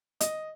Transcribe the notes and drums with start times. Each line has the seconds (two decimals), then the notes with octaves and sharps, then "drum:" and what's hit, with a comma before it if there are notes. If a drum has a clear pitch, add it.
0.21 D#5, drum: hi-hat